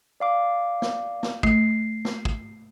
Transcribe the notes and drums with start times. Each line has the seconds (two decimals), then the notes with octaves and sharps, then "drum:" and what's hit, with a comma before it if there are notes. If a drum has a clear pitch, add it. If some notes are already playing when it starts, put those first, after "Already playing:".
0.20 D5 F5 D6
0.82 drum: snare
1.23 drum: snare
1.43 A3 C7, drum: kick
2.05 drum: snare
2.25 drum: kick